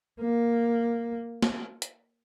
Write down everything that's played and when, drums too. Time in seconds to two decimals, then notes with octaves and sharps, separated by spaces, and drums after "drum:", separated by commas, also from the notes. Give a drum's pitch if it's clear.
0.21 A#3
1.43 drum: snare
1.82 drum: hi-hat